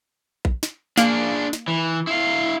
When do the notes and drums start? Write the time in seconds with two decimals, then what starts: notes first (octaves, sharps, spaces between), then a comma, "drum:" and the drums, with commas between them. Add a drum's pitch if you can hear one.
0.45 drum: kick A#1
0.63 drum: snare
0.98 A#3 D4 G#4, drum: snare
1.53 drum: snare
1.68 E3
2.07 E4 F5